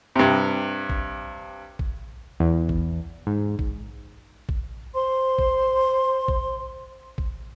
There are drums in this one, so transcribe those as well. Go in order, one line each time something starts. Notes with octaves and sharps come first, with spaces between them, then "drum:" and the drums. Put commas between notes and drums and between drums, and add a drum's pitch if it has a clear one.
G2 C3
drum: kick A1
drum: kick A1
E2
drum: kick A1
G#2
drum: kick A1
drum: kick A1
C5 C6
drum: kick A1
drum: kick A1
drum: kick A1